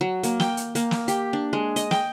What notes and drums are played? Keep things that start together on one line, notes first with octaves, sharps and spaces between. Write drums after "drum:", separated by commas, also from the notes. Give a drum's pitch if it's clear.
F#3
A#3, drum: hi-hat
G5, drum: snare
drum: hi-hat
A#3, drum: hi-hat
drum: snare
G4, drum: hi-hat
D4
G#3
D#5, drum: hi-hat
G5, drum: snare